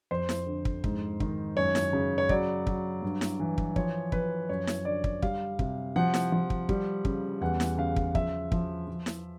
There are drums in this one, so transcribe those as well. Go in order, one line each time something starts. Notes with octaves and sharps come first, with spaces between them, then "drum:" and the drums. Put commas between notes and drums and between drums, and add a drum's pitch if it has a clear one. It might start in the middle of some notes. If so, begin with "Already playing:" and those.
F2 C5
drum: snare E4
D3
drum: kick
G#2, drum: kick
D#3, drum: kick
F#2 C#5
drum: snare E4
C#3
C#5
F#3 D5, drum: kick
F#3, drum: kick
G2
drum: snare E4
E3
drum: kick
F3 C#5, drum: kick
F3 B4, drum: kick
F#2 C#5
drum: snare E4
D3 D5
drum: kick
G3 F5, drum: kick
C3, drum: kick
F3 F#5
drum: snare E4
F3
drum: kick
G3, drum: kick
C#3, drum: kick
E2 F#5
drum: snare E4
C#3 F5
drum: kick
F3 E5, drum: kick
F3, drum: kick
F3
drum: snare E4